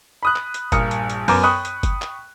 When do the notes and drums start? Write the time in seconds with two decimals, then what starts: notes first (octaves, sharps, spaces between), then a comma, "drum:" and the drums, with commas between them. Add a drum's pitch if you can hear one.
0.23 B5 D#6 F#6
0.36 drum: clap
0.54 drum: hi-hat
0.72 A#1 G2 A#4 D#6 C#7, drum: kick G1, hi-hat
0.91 drum: hi-hat
1.10 drum: hi-hat
1.28 F#2 B3 A#5 D6, drum: open hi-hat
1.43 G5 B5 C#6 D#6 F#6
1.65 drum: hi-hat
1.83 drum: kick G1, hi-hat
2.02 drum: clap